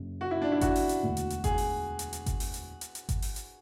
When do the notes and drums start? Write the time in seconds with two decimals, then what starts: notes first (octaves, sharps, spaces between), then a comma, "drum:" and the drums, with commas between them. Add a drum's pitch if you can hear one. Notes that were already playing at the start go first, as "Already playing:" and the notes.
Already playing: F#1 F#2 C#3
0.21 F#4
0.31 E4
0.42 D4
0.52 E4
0.61 F#4, drum: kick G1, hi-hat
0.76 drum: open hi-hat
0.89 drum: hi-hat
1.03 E1 D2 D3
1.17 drum: hi-hat
1.30 drum: hi-hat
1.44 G#4, drum: kick G1, hi-hat
1.58 drum: open hi-hat
1.99 drum: hi-hat
2.13 drum: hi-hat
2.26 drum: kick G1, hi-hat
2.40 drum: open hi-hat
2.54 drum: hi-hat
2.81 drum: hi-hat
2.95 drum: hi-hat
3.09 drum: kick G1, hi-hat
3.22 drum: open hi-hat
3.36 drum: hi-hat